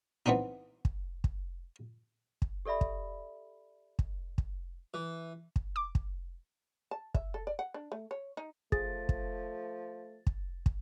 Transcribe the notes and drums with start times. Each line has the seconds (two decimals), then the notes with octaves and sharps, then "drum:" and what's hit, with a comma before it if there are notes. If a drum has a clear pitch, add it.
0.26 E3 B3 C4 D4 D#4
0.85 drum: kick
1.24 drum: kick
2.42 drum: kick
2.65 G4 A4 D5 E5 B5
2.81 drum: kick
3.99 drum: kick
4.38 drum: kick
4.94 E3
5.56 drum: kick
5.76 D6
5.95 drum: kick
6.91 A5
7.14 E5, drum: kick
7.34 A4
7.47 D5
7.59 F#5
7.74 D4
7.92 A3
8.11 C#5
8.37 D#4
8.72 F3 A3 G#4 A6, drum: kick
9.09 drum: kick
10.27 drum: kick
10.66 drum: kick